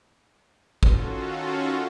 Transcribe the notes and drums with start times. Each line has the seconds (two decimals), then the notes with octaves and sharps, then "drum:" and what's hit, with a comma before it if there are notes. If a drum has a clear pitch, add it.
0.83 D#3 C#4 F4 F#4 A4, drum: kick G#1